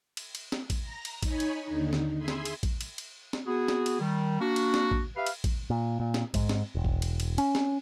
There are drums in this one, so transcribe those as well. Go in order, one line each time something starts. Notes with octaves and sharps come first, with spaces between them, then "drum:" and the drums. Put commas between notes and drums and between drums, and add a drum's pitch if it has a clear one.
drum: cymbal
drum: cymbal
drum: snare C4
drum: kick, cymbal
A#5 A#6
drum: cymbal
D#4 C#5 G#5 B5, drum: kick, cymbal
drum: cymbal
D#2 D3 D#4
drum: snare C4
G#4 E5 G#5 B5 C6
drum: snare C4
drum: cymbal
drum: kick, cymbal
drum: cymbal
drum: cymbal
drum: snare C4
B3 F#4 G#4
drum: snare C4
drum: cymbal
D#3 G3
A#3 D4 F#4
drum: cymbal
drum: snare C4
drum: kick
G4 B4 E5 F5
drum: cymbal
drum: kick, cymbal
A#2
A#2
drum: snare C4
G#2, drum: kick, cymbal
drum: snare C4
E1
drum: kick
drum: cymbal
drum: cymbal
C#4, drum: cymbal
drum: snare C4